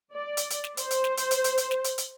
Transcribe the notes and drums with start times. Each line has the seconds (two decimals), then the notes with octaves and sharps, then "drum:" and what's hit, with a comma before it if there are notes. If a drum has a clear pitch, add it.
0.13 D5
0.37 drum: hi-hat
0.50 drum: hi-hat
0.64 drum: snare
0.77 C5, drum: hi-hat
0.91 drum: hi-hat
1.04 drum: snare
1.17 drum: hi-hat
1.31 drum: hi-hat
1.44 drum: hi-hat
1.57 drum: hi-hat
1.71 drum: snare
1.84 drum: hi-hat
1.98 drum: hi-hat